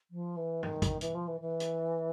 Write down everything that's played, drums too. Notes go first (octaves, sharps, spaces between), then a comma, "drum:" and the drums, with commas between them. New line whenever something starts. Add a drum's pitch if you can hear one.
F3
E3
D#3, drum: tom G2
drum: kick, hi-hat
E3, drum: hi-hat
F3
E3
E3
drum: hi-hat